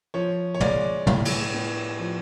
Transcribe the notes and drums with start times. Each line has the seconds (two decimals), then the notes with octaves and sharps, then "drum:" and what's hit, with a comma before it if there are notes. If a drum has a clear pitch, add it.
0.14 F3 C#5
0.54 C#5
0.60 G#3 D5, drum: tom
1.07 A2, drum: tom
1.25 drum: cymbal
1.54 A2
2.00 F3